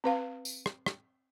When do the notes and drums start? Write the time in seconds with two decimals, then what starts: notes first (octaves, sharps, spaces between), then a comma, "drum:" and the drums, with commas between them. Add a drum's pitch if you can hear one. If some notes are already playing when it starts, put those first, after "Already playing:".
0.04 C4 B4 F5
0.45 drum: tambourine
0.66 drum: rim click
0.86 drum: rim click